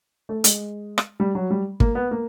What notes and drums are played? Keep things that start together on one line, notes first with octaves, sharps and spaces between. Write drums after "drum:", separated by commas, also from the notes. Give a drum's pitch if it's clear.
A3
G#3, drum: hi-hat
drum: rim click
G3
F#3
G3
A#3, drum: kick
B3
A#3